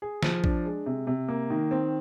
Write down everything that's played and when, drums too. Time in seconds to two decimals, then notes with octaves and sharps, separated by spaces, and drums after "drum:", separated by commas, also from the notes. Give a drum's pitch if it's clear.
0.02 G#4
0.23 F3, drum: snare
0.44 D4, drum: kick
0.65 G#3
0.86 C3
1.07 C3
1.28 A#3
1.50 D#3
1.71 C4